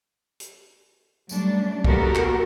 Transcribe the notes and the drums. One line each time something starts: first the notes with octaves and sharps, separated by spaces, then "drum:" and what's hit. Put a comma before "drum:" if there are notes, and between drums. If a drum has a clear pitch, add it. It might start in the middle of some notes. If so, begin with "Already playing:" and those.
drum: hi-hat
F#3 G3 A3 D4, drum: tambourine
A#3 B3 F#4 G4 A4 A#4, drum: kick B1
drum: clap